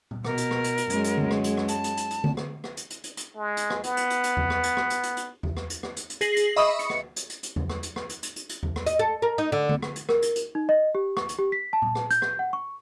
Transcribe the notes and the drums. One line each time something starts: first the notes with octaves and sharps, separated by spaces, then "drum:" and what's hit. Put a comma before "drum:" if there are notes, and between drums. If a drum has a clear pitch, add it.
drum: tom A#2
B2 A#4, drum: rim click
drum: hi-hat
drum: rim click
drum: hi-hat
drum: hi-hat
F#2 F#3 G#3, drum: hi-hat
drum: hi-hat
drum: tom D3
drum: rim click
drum: hi-hat
drum: rim click
A5, drum: hi-hat
drum: hi-hat
drum: hi-hat
drum: hi-hat
drum: tom D3
drum: rim click
drum: rim click
drum: hi-hat
drum: hi-hat
drum: hi-hat
drum: hi-hat
G#3
drum: hi-hat
drum: rim click
B3, drum: hi-hat
drum: hi-hat
drum: hi-hat
drum: hi-hat
drum: tom E2
drum: rim click
drum: hi-hat
drum: rim click
drum: hi-hat
drum: hi-hat
drum: hi-hat
drum: tom E2
drum: rim click
drum: hi-hat
drum: rim click
drum: hi-hat
drum: hi-hat
G#4 A#6 C7 F#7, drum: hi-hat
drum: hi-hat
D#5 E5 B5 C#6 D#6
C#7, drum: hi-hat
drum: rim click
drum: hi-hat
drum: hi-hat
drum: hi-hat
drum: tom E2
drum: rim click
drum: hi-hat
drum: rim click
drum: hi-hat
drum: hi-hat
drum: hi-hat
drum: hi-hat
drum: tom E2
drum: rim click
D#5, drum: hi-hat
A4
A#4
D#4
D3
drum: tom D3
drum: rim click
drum: hi-hat
A#4, drum: rim click
drum: hi-hat
drum: hi-hat
D#4
D#5
G4
C#6, drum: rim click
drum: hi-hat
G4
B6
A5
drum: tom A#2
drum: rim click
G6, drum: hi-hat
drum: rim click
F#5
C#6